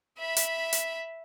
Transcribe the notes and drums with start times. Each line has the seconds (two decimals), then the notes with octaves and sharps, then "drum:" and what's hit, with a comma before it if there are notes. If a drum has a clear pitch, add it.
0.18 E5 B5
0.37 drum: hi-hat
0.73 drum: hi-hat